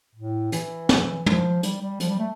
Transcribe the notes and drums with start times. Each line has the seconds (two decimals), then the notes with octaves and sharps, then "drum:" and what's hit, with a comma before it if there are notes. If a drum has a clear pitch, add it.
0.15 A2
0.52 E3, drum: hi-hat
0.89 drum: snare
1.26 F3, drum: tom
1.63 G3, drum: hi-hat
1.82 G3
2.00 F3, drum: hi-hat
2.10 G3
2.19 A3